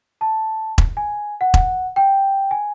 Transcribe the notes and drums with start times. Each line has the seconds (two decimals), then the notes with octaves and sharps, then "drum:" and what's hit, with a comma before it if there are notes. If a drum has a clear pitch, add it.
0.21 A5
0.78 drum: kick E1
0.97 G#5
1.41 F#5
1.54 drum: kick E1
1.96 G5
2.51 G#5